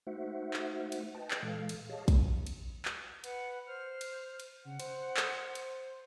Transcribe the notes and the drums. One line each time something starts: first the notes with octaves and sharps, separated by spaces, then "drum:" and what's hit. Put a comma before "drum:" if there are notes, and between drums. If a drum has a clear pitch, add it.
A3 D#4 F#4 C5 E5 F#5
drum: clap
drum: cymbal
B4 D#5 G5 A5
drum: clap
A#2 E3 G#3 A4 F5
drum: cymbal
G4 G#4 C#5 D#5 F5 A5
drum: kick, cymbal
drum: cymbal
drum: clap
B4 F#5, drum: cymbal
C5 F6
drum: cymbal
drum: cymbal
C#3 F#5
C5, drum: cymbal
drum: clap
drum: cymbal